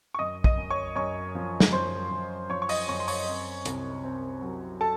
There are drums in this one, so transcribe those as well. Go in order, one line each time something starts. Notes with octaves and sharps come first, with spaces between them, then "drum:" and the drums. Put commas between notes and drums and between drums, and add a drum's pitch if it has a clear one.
C#6
F#2 D#5 D#6
D#5 D#6, drum: kick
F#2
C#5 C#6
F#2 C#5 C#6
F3
drum: snare
F#2 C5 C6
F#2
F3 C#5 C#6
C#6
D#5 D#6, drum: open hi-hat
F#2 C#5 C#6
C6
C#5 C#6, drum: open hi-hat
C4
C2, drum: hi-hat
C4
F#3
A4 A5